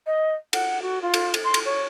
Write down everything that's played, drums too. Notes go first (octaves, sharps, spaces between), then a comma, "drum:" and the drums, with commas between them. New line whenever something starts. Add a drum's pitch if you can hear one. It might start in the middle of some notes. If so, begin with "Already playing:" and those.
D#5
F#5, drum: cymbal
F#4
F4
drum: cymbal
drum: cymbal
C6
drum: cymbal
C#5